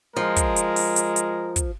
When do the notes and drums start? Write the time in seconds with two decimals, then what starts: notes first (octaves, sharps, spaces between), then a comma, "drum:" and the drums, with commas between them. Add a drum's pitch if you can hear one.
0.16 F3 G#3 A#4
0.36 drum: kick, hi-hat
0.56 drum: hi-hat
0.76 drum: open hi-hat
0.96 drum: hi-hat
1.16 drum: hi-hat
1.56 drum: kick, hi-hat